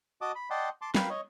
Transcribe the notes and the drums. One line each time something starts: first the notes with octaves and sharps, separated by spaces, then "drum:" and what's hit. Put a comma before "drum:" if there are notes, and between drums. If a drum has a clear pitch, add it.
F#4 D#5 A5 D6 D#6
B5
D5 D#5 F#5 G5 A5 C6
A5 C6 D6
A#4 B4 F5 G5 B5, drum: snare
C#5 D#5